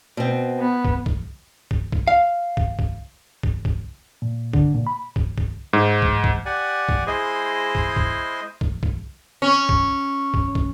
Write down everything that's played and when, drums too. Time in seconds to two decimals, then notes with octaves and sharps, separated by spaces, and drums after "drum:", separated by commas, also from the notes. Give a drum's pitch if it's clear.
0.17 B2 C4
0.60 B3
0.85 drum: kick
1.06 drum: kick
1.71 drum: kick
1.92 drum: kick
2.08 F5
2.57 drum: kick
2.79 drum: kick
3.43 drum: kick
3.65 drum: kick
4.22 A#2
4.53 D3, drum: kick
4.74 A#2
4.87 B5
5.16 drum: kick
5.38 drum: kick
5.73 G#2
6.02 drum: kick
6.24 drum: kick
6.45 G4 D5 F#5 G#5
6.89 drum: kick
7.07 G#3 E4 G#4 C5 D#5
7.75 drum: kick
7.96 drum: kick
8.61 drum: kick
8.83 drum: kick
9.42 C#4
9.69 drum: kick
10.34 drum: kick
10.55 drum: kick